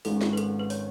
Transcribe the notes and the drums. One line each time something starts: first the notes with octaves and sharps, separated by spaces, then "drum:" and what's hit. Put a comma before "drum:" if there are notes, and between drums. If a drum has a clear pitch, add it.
G#1 G#2 D#3 G#3 C#4 A4, drum: open hi-hat
drum: snare
B4
A4, drum: hi-hat
B4
C#5, drum: open hi-hat